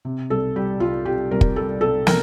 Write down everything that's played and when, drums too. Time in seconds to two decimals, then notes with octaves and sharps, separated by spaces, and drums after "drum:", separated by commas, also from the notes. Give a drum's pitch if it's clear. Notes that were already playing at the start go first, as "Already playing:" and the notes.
0.05 C3
0.30 C2 A4
0.56 G3 G4
0.80 C2 F4
1.05 C3 G4
1.31 C2 A#4
1.41 drum: kick
1.56 G3 A4
1.81 C2 A4
2.07 C3 A#4, drum: snare